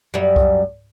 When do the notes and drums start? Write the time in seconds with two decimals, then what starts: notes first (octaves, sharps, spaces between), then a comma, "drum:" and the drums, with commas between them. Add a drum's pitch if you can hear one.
0.14 F#2 G3
0.36 drum: kick C2